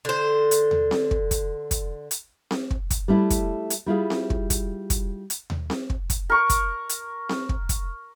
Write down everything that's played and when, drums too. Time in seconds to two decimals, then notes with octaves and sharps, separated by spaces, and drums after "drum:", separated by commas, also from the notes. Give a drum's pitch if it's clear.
0.05 D3 C5
0.51 drum: hi-hat
0.71 drum: tom D#2
0.91 drum: snare C4
1.11 drum: kick
1.31 drum: kick, hi-hat
1.71 drum: kick, hi-hat
2.11 drum: hi-hat
2.51 drum: snare C4
2.71 drum: kick
2.90 drum: kick, hi-hat
3.08 G3 A3 E4
3.30 drum: kick, hi-hat
3.70 drum: hi-hat
3.86 G3 E4 F4 G#4
4.10 drum: snare C4
4.30 drum: kick
4.50 drum: kick, hi-hat
4.90 drum: kick, hi-hat
5.30 drum: hi-hat
5.50 drum: tom D#2
5.70 drum: snare C4
5.90 drum: kick
6.10 drum: kick, hi-hat
6.30 A#4 C#6
6.50 drum: kick, hi-hat
6.89 drum: hi-hat
7.29 drum: snare C4
7.49 drum: kick
7.69 drum: kick, hi-hat